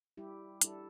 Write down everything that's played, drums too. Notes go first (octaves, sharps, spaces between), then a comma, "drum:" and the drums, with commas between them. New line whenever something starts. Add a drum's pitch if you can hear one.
G3 E4 G4
G3 D4 E4 A4, drum: hi-hat